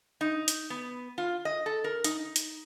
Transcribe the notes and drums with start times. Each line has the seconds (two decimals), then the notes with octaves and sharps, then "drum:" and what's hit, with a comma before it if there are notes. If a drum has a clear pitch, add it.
0.21 D#4
0.48 drum: hi-hat
0.70 B3
1.18 F4
1.45 D#5
1.66 A4
1.84 A#4
2.04 D#4, drum: hi-hat
2.36 drum: hi-hat